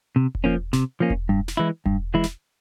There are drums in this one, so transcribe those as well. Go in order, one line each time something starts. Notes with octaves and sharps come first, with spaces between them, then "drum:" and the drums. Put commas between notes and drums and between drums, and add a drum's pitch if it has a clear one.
C3
drum: kick E1
F3 A#3 C#4
C3, drum: snare
F3 A#3 C#4
drum: kick E1
G2
drum: snare
E3 G#3 E4
G2, drum: kick E1
E3 G#3 E4
drum: snare